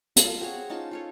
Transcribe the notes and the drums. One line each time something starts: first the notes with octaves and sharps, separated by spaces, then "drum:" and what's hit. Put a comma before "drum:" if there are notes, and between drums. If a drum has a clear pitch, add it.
F4 A5, drum: hi-hat
C4 F#4 G#4 C#5
C#4 D#4 F4 A5
F4 A4 C#5